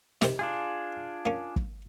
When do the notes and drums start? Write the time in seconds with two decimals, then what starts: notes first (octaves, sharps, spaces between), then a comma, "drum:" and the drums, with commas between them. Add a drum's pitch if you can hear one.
0.21 C3 D#3 C5, drum: snare
0.39 D4 F4 G#4
1.26 A#3 C#4
1.56 drum: kick